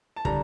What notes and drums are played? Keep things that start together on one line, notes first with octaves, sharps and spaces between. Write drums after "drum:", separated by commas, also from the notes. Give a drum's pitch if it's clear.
A5
D3 G3 A#5, drum: kick